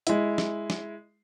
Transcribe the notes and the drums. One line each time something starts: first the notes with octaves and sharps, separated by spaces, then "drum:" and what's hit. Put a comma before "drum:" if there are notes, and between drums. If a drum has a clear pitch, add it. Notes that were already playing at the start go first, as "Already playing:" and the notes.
G#3 E4, drum: hi-hat
drum: snare
drum: snare